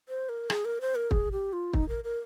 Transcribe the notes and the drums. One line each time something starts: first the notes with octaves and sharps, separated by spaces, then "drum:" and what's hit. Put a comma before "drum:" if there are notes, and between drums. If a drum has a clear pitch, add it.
C5
A#4
G#4, drum: rim click
A#4
C5
A#4
G#4, drum: kick
G4
F4
D#4, drum: kick
A#4
A#4